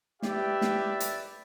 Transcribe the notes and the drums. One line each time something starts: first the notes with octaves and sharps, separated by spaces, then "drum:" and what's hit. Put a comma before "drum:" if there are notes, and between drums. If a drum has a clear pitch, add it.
G4 B4 D5 E5, drum: snare
drum: snare
drum: hi-hat